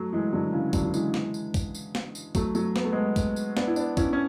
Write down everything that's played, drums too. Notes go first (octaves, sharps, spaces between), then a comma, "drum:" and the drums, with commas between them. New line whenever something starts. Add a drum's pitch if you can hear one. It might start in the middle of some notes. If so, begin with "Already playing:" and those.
Already playing: F#3 A3
E3 G#3
D3 F#3
C#3 E3
D3 F#3, drum: kick, tambourine
F#3
E3 G#3, drum: tambourine
drum: snare
drum: tambourine
drum: kick, tambourine
drum: tambourine
drum: snare
drum: tambourine
F#3 A3, drum: kick, tambourine
F#3 A3, drum: tambourine
B3, drum: snare
A3
G#3 B3
drum: kick, tambourine
drum: tambourine
B3 D4, drum: snare
E4
B3 D4, drum: tambourine
C#4 E4, drum: kick, tambourine
C#4